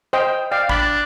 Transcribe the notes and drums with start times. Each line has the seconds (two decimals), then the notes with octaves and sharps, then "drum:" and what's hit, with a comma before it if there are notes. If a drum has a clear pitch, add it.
0.13 C5 D#5 G5
0.52 D5 F5 G5
0.69 D4 B5, drum: kick G#1